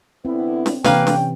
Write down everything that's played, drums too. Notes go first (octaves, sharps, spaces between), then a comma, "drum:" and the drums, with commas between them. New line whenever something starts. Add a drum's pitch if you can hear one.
D3 B3 C4 E4
drum: snare
C3 E3 A#3 C#4 B4 F5 G5, drum: snare
drum: snare